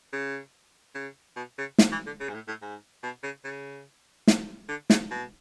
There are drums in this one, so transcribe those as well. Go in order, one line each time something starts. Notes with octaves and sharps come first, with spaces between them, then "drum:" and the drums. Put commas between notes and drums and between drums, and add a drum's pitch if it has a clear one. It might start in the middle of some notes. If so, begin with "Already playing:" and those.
C#3
C#3
B2
C#3
drum: snare
E3
D3
C#3
G#2
A2
A2
G#2
B2
C#3
C#3
drum: snare
D3
C#3, drum: snare
B2